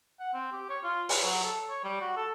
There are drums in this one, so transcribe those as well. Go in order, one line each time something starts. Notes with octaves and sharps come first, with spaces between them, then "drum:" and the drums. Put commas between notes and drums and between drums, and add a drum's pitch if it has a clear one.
F#5
C4
G4
C#5
F4
B4, drum: open hi-hat
F#3
A4
C#5
G3
F#4
A4